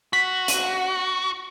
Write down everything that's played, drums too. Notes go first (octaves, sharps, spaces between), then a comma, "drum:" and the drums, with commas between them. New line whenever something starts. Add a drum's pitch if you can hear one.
F#4 B6
drum: hi-hat